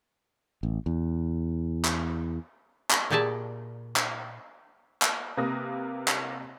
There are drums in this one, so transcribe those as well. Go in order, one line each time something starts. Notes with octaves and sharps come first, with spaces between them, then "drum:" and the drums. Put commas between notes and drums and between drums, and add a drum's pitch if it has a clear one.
A1
E2
drum: clap
drum: clap
A#2 G4 G#4 D5 E5 A5
drum: clap
drum: clap
C3 A#3 B4 D#6 A#6
drum: clap